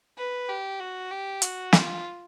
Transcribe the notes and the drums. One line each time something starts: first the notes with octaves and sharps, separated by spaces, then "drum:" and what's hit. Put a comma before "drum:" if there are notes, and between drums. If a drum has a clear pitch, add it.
B4
G4
F#4
G4
F#4, drum: hi-hat
F4, drum: snare